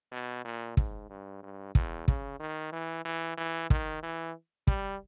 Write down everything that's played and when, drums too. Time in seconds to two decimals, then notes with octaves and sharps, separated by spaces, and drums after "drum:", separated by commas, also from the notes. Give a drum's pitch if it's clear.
0.12 B2
0.44 A#2
0.77 G#2, drum: kick
1.10 G2
1.43 G2
1.75 E2, drum: kick
2.08 C#3, drum: kick
2.40 D#3
2.72 E3
3.05 E3
3.37 E3
3.70 D#3, drum: kick
4.03 E3
4.67 G3, drum: kick